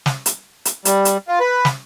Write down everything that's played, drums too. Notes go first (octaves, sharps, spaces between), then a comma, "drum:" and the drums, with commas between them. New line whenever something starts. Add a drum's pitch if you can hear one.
drum: snare
drum: hi-hat
drum: hi-hat
G3, drum: hi-hat
drum: hi-hat
F4
B4
drum: snare